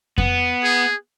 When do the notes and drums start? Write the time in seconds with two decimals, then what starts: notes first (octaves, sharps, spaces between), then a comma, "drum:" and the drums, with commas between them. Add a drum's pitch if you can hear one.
0.18 B3, drum: kick F2
0.64 G#4